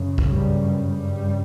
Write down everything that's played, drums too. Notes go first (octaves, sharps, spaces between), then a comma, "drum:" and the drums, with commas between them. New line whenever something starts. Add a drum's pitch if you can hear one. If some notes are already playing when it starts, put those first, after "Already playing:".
Already playing: F#2 C#3
drum: kick
G2 G3
G2 G3